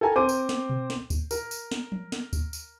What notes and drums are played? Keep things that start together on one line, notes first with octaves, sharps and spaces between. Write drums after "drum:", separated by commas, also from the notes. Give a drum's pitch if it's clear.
A4 A#4 G5 G#5 A#5
C4 C5 D6 D#7
drum: tambourine
drum: snare
drum: tom B2
drum: snare
drum: kick D2, tambourine
A#4, drum: tambourine
drum: tambourine
drum: snare
drum: tom F3
drum: snare
drum: kick D2, tambourine
drum: tambourine